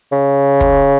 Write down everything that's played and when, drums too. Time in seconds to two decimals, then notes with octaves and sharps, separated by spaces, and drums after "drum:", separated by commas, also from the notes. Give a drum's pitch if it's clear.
0.12 C#3
0.61 drum: kick